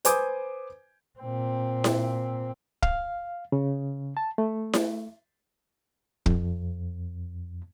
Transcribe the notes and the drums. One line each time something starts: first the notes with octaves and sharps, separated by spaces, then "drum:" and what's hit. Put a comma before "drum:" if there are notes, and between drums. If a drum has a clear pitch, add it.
B4 C5 G#5 D6 D#6 G6, drum: hi-hat
A#2 C4
drum: snare E4
F5, drum: kick
C#3
A5
A3
drum: snare E4
F2, drum: kick